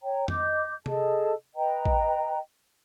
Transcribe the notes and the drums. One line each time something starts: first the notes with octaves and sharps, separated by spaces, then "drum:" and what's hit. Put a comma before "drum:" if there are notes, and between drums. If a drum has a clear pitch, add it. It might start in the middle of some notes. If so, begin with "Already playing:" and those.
C#5 G5 A#5
D#5 D6 G6, drum: tom F2
G#4 A4 D#5 A5, drum: tom C3
B4 D#5 G5 A#5
drum: kick A1